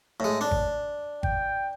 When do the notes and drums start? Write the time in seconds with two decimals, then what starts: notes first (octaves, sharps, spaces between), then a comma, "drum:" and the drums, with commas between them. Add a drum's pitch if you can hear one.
0.20 A2 G#3
0.41 D4
0.51 drum: kick G#1
1.23 G5, drum: kick G#1